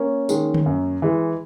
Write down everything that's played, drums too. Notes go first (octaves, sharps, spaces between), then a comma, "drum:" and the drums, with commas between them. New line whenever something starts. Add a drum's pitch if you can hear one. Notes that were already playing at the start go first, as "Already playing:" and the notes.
Already playing: A#3 C#4
D#3 G#3, drum: tambourine
drum: tom D3
F#2
E3 G#3